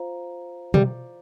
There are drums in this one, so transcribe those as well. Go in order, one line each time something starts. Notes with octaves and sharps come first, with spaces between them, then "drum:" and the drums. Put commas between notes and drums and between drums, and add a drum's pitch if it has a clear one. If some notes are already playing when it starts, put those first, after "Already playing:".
Already playing: F4 C5 F5 A#5
G3, drum: tom B2